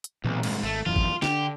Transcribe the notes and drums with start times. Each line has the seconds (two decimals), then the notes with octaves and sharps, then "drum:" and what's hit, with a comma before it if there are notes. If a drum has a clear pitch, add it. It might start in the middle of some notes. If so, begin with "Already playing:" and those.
0.04 drum: hi-hat
0.24 B1 A#2 E3 C4
0.43 C2 G#2, drum: cymbal
0.63 G#1 A3
0.86 D#1 F#2 E3 F4
0.96 drum: kick G#1
1.22 D3 C4 D4 G4, drum: snare